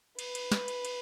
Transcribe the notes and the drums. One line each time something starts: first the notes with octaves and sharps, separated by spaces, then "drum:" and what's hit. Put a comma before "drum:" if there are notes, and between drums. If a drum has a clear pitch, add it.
B4, drum: cymbal
drum: cymbal
drum: snare
drum: cymbal
drum: cymbal